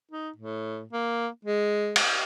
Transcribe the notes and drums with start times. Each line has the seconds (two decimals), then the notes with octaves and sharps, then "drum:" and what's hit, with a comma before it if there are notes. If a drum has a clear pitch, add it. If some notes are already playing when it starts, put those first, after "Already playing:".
0.11 D#4
0.36 A2
0.93 A#3
1.45 G#3
1.96 drum: cymbal